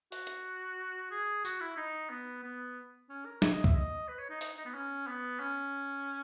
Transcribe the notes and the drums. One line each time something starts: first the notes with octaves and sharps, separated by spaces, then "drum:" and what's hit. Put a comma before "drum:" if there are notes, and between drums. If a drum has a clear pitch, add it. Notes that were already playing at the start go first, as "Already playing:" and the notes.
F#4, drum: open hi-hat
drum: hi-hat
G#4
F#4, drum: tambourine
E4
D#4
B3
B3
C#4
A#4
C#5, drum: snare
D#5
E5, drum: kick
D#5
B4
C#5
D#4
D#4, drum: open hi-hat
D#4
B3
C#4
B3
C#4